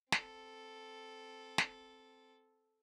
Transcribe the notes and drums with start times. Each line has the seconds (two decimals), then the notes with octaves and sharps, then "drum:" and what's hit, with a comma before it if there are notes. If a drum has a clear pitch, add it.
0.12 C4 A4, drum: snare
1.58 drum: snare